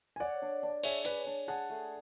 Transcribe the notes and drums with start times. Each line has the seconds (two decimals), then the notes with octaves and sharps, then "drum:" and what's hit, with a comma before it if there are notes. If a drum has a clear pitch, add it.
0.16 G#5
0.20 C#5 D5 F#5
0.42 D4
0.63 D4
0.83 G#4 C#5 E5, drum: cymbal
1.05 B4 C#5 D5, drum: hi-hat
1.27 D4
1.48 G#4 F#5 A5
1.70 A3